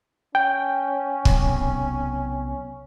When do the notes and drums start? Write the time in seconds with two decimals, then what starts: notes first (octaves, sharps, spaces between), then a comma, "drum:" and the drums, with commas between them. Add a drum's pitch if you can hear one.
0.35 C#4 G5
1.25 B1 C3, drum: kick